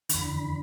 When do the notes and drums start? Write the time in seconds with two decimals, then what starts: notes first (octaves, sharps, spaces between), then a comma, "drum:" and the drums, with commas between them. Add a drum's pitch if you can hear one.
0.09 E2 D3 B5, drum: hi-hat